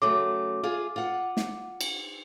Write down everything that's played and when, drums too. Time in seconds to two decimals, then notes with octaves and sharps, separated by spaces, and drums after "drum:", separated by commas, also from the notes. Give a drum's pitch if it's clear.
0.02 C#3 F#3 A3 D6
0.63 F4 G#4
0.96 F4 F#5
1.37 drum: snare
1.81 drum: cymbal